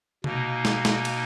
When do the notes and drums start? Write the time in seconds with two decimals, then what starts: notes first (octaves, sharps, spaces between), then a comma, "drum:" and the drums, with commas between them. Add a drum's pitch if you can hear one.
0.24 B2 A#3 D#4, drum: tom C3
0.65 drum: snare
0.85 drum: snare
1.05 drum: cymbal